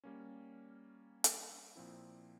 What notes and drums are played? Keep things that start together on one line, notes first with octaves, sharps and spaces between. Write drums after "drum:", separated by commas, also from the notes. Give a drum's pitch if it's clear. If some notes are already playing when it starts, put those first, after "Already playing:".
G3 A#3 C#4
drum: hi-hat
A#2 F3 C4 E4